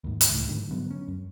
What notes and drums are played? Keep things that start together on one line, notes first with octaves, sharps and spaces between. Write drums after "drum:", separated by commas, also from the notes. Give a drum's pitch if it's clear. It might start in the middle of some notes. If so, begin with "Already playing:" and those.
D#2 G#2
drum: hi-hat
C#2 A2 E3
G#2 D3 D#3 G3
G#2 D3 F#3 B3
C#4
F#2